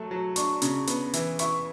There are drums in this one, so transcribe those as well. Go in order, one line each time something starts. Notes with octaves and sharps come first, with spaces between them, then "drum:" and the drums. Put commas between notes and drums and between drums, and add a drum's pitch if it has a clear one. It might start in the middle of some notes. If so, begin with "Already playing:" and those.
Already playing: F#3 A3
F#3
D4 C#6, drum: hi-hat
C#3, drum: hi-hat
B3, drum: hi-hat
E3, drum: hi-hat
E4 C#6, drum: hi-hat